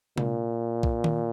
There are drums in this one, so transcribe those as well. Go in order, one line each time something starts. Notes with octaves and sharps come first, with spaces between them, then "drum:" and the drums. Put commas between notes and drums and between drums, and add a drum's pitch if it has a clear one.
A#2, drum: tom C3
drum: kick B1
drum: tom D#3